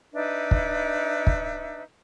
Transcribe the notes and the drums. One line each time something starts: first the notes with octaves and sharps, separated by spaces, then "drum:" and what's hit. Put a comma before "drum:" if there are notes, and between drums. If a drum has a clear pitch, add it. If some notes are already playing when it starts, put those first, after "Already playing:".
D4 D#4 B4 E5
drum: kick
drum: kick